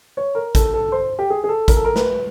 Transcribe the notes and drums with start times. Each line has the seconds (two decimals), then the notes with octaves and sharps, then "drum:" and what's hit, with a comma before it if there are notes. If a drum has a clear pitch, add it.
0.17 C#5
0.35 A#4
0.55 A4, drum: kick A1, hi-hat
0.74 A4
0.92 C5
1.19 G4
1.30 G#4
1.44 G#4
1.49 A4
1.68 A#4, drum: kick A1, hi-hat
1.76 A4
1.85 A#4
1.96 B4, drum: snare